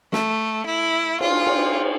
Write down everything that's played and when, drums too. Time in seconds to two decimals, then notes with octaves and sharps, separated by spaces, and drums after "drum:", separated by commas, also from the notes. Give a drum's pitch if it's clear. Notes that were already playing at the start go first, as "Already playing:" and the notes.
0.12 A3, drum: snare
0.66 E4
1.20 F4, drum: cymbal
1.47 drum: cymbal